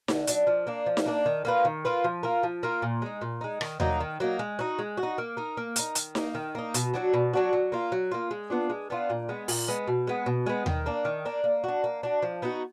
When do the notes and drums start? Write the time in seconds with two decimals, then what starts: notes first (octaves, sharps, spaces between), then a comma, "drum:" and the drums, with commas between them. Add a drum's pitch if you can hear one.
0.08 D3, drum: snare D#4
0.27 F#3 D4, drum: hi-hat
0.47 F3
0.67 A#3 D4
0.86 F3
0.97 drum: snare D#4
1.06 A#3 D4
1.26 D#3
1.45 A#3 F4 B4
1.65 D#3
1.85 A#3 F4 B4
2.04 F3
2.23 A#3 F4 A#4
2.43 F3
2.63 A#3 F4 A#4
2.82 A#2
3.02 G#3 D#4
3.21 A#2
3.41 G#3 D#4
3.61 D#3, drum: rim click
3.80 F#3 A#3 D#4, drum: tom D#2
4.00 D#3
4.20 F#3 A#3 D#4
4.39 G#3
4.59 D#4 F#4
4.79 G#3
4.97 F#4
5.03 D#4
5.18 A#3
5.37 D#4 A#4
5.57 A#3
5.76 D#4 A#4, drum: hi-hat
5.95 D#3, drum: hi-hat
6.15 A#3 D#4, drum: snare D#4
6.35 D#3
6.55 A#3 D#4
6.74 B2, drum: hi-hat
6.94 F#3 D4 F#4
7.14 B2
7.33 F#3 D4 F#4
7.53 F#3
7.72 A#3 F4
7.92 F#3
8.11 A#3 F4
8.31 G#3
8.50 B3 D4 F4
8.70 G#3
8.90 B3 D4 F4
9.10 A#2
9.29 G#3 B3
9.48 A#2, drum: open hi-hat
9.68 G#3 B3
9.88 B2
10.07 G#3 B3
10.26 B2
10.46 G#3 B3
10.66 D#3, drum: tom D#2
10.86 A#3 D4
11.05 D#3
11.25 A#3 D4
11.44 A#3
11.64 D4 F#4
11.84 A#3
12.03 D4 F#4
12.22 F3
12.42 B3 D#4 F#4